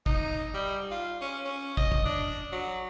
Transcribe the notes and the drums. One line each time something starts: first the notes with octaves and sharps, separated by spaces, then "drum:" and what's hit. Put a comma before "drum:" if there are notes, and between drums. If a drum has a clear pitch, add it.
D#4, drum: kick
G3
F4
C#4
C#4
D#5, drum: kick
drum: kick
D4
F#3